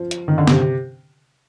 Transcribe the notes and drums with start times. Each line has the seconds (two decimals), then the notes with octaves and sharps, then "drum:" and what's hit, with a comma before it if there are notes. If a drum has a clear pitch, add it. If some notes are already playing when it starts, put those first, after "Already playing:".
Already playing: F3
0.11 drum: hi-hat
0.28 D#3
0.38 D3
0.47 C3, drum: snare